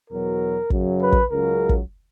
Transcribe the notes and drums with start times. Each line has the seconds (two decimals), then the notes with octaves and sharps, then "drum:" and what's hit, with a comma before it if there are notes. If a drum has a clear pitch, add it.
0.10 E2 B2 F#3 A#4
0.70 F#2 C#3 F#3, drum: kick
1.01 B4
1.12 drum: kick
1.31 C#2 C#3 F#3 A#4
1.69 drum: kick